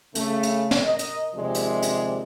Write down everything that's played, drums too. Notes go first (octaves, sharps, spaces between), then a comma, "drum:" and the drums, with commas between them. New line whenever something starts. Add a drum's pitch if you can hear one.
C#3 A3, drum: hi-hat
drum: hi-hat
drum: snare
A#4 D#5
drum: hi-hat
D#2 C3 F3 G#3 D5
drum: hi-hat
drum: hi-hat